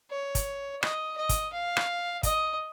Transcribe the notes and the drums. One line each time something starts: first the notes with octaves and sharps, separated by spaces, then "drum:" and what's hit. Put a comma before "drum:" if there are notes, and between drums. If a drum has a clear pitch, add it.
C#5
drum: kick, hi-hat
D#5, drum: rim click
D#5
drum: kick, hi-hat
F5
drum: rim click
D#5, drum: kick, hi-hat